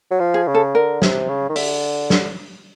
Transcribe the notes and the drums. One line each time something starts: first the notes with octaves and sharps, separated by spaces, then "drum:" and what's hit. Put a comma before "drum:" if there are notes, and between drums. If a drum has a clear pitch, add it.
F#3
F3
G#4
C#3
A4
D3 A#4
C3, drum: snare
C#3
D#3
D3 E5, drum: open hi-hat
drum: snare